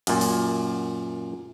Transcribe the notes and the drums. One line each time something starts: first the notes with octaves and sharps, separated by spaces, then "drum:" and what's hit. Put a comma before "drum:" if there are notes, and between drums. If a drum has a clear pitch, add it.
F#2 A#2, drum: cymbal
drum: open hi-hat